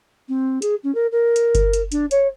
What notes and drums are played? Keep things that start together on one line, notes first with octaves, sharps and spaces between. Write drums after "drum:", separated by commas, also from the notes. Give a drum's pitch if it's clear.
C4
G#4, drum: hi-hat
C#4
A#4
A#4
drum: hi-hat
drum: kick F#1, hi-hat
drum: hi-hat
D4, drum: hi-hat
C#5, drum: hi-hat